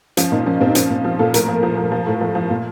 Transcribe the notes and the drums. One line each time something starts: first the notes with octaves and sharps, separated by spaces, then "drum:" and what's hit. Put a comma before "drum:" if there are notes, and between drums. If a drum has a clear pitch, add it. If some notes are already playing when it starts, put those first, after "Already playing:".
F3 C#4, drum: hi-hat
A#2 D#4
F3 C#4
A#2 C4
D#4
F3 C#4, drum: hi-hat
A#2
F3 F4
A#2 A4
A2 A#4, drum: hi-hat
F3
F3
F3
F3
A2
F3
F3
A#2